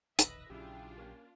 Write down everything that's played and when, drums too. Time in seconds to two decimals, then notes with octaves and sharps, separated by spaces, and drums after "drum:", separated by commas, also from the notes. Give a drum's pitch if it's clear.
0.19 E1 A#1 D#3 B4 D#5 E5 A#6, drum: hi-hat
0.50 A#1 C#3 F#3 D4 E4 F4 G4
0.98 A#3 C#4